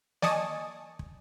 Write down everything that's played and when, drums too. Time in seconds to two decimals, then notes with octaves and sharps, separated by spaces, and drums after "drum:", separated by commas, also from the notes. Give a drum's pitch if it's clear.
0.22 D5 D#5 G#5 A5 C#6 D#6, drum: snare
0.99 drum: kick